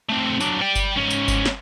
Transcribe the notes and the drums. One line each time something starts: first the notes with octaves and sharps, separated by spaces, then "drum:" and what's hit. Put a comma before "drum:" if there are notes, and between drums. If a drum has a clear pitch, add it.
A3 C4
F#3 D4, drum: tambourine
D5 G5
drum: kick G1, tambourine
G#2 C#4
drum: tambourine
drum: kick G1, tambourine
drum: snare